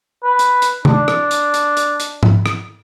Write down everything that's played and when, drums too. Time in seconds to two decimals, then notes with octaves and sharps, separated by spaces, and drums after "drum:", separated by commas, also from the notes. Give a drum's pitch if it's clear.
0.24 B4
0.39 drum: hi-hat
0.62 drum: hi-hat
0.85 D4, drum: tom C3
1.08 drum: rim click
1.31 drum: hi-hat
1.54 drum: hi-hat
1.77 drum: hi-hat
2.00 drum: hi-hat
2.23 drum: tom G#2
2.46 drum: rim click